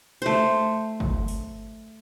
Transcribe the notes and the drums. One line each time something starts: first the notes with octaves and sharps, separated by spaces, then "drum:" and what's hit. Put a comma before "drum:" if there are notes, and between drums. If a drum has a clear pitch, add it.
A3 C5, drum: cymbal
drum: kick G1
drum: open hi-hat